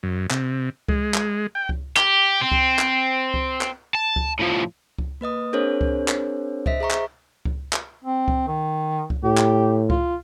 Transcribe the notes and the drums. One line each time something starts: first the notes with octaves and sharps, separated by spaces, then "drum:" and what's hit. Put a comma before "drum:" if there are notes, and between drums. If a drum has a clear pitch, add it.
F#2
C3, drum: clap
G#3, drum: kick C#2
drum: clap
G5
drum: kick C#2
G4, drum: clap
C4
drum: kick C#2
drum: clap
drum: kick C#2
drum: clap
A5
drum: kick C#2
A2 F3
drum: kick C#2
A#3 B4 D#5 D#6
C4 D4 G#4 A#4 C5 C#5
drum: kick C#2
drum: clap
C5 D#5 E5 B6, drum: kick C#2
G#4 E5 A#5 C#6
drum: clap
drum: kick C#2
drum: clap
C4
drum: kick C#2
D#3
drum: kick C#2
A2 G4
drum: clap
F4, drum: kick C#2